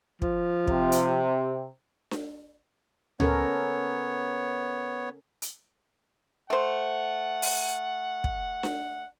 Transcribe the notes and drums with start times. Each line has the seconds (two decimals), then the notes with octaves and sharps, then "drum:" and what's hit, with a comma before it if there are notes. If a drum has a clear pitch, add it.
0.22 F3, drum: kick
0.67 C3, drum: kick
0.92 drum: hi-hat
2.11 drum: snare D4
3.20 B3 C#4 A4 A#4 C#5, drum: tom C#2
5.42 drum: hi-hat
6.50 A3 C5 F#5
7.42 drum: open hi-hat
8.24 drum: kick
8.63 drum: snare D4